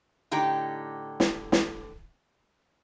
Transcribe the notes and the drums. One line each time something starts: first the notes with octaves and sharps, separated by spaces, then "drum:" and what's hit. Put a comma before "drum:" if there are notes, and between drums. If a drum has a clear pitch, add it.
A2 D3 D#4 G4 G5 A#5
drum: snare
drum: snare